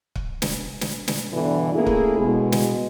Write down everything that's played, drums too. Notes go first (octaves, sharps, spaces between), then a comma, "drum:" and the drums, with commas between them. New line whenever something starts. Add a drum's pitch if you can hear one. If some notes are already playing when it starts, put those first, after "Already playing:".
drum: kick
drum: snare
drum: snare
drum: snare
G2 B2 D3 E3 B3 D4
A3 A#3 C#4 E4 G#4
drum: kick
B2 G#3
drum: snare